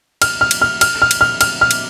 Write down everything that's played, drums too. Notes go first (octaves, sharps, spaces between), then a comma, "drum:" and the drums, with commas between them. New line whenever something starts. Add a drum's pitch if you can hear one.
F6, drum: cymbal
F6
drum: cymbal
F6
F6, drum: cymbal
F6
drum: cymbal
F6
F6, drum: cymbal
F6
drum: cymbal